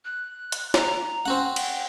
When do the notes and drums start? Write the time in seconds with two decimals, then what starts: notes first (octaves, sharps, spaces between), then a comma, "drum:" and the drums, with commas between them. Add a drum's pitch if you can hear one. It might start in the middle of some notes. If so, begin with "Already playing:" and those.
0.05 F#6
0.52 drum: hi-hat
0.74 A#5, drum: snare
1.26 C4 C#4 F#4 F#5
1.56 G5, drum: cymbal